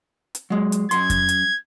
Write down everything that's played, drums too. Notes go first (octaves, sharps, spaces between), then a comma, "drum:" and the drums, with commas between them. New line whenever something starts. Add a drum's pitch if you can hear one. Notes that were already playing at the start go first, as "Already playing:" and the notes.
drum: hi-hat
F#3 G#3
drum: hi-hat
F#2 C6 G#6, drum: hi-hat
drum: kick F2, hi-hat
drum: hi-hat